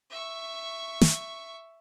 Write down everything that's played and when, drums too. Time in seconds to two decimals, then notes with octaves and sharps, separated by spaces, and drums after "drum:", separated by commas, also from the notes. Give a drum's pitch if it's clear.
0.11 E5 C#6
1.01 drum: snare